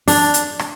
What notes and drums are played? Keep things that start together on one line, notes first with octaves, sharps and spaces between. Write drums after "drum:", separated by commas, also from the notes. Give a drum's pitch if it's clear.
D4, drum: open hi-hat
drum: hi-hat
drum: rim click